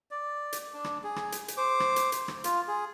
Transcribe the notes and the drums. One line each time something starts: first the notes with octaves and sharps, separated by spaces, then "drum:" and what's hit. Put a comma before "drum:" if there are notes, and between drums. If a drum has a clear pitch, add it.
D5
drum: hi-hat
D4
drum: rim click
G#4
drum: rim click
drum: hi-hat
drum: hi-hat
C5 D6
drum: rim click
drum: hi-hat
drum: hi-hat
drum: rim click
F4, drum: hi-hat
G#4